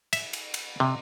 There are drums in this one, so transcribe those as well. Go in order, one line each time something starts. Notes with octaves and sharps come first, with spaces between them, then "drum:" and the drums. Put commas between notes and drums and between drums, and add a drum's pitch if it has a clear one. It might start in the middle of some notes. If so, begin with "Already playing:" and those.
E5, drum: cymbal
drum: cymbal
drum: cymbal
C3